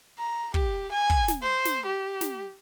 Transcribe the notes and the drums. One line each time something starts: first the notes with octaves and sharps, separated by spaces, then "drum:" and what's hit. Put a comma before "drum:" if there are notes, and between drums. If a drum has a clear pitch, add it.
A#5
G4, drum: kick
G#5
drum: kick
drum: snare
C5
drum: snare
G4
drum: snare